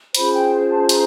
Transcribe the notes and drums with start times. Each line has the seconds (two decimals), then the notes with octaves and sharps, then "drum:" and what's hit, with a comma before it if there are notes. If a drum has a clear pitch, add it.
0.15 C#4 F4 G#4 C5 B5, drum: hi-hat
0.33 G5
0.70 A5
0.89 A#5, drum: hi-hat